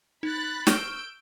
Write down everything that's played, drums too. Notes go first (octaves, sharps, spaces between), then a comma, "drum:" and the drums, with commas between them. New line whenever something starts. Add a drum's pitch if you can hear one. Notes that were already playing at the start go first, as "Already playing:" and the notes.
D#4 B5 F#6 A6
C#6 E6 F6 G6 D7, drum: snare